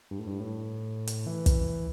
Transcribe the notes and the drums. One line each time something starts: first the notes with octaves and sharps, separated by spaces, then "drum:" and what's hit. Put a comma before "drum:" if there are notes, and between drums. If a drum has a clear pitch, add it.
G2
A2
G2
A2
drum: hi-hat
E3
drum: kick, hi-hat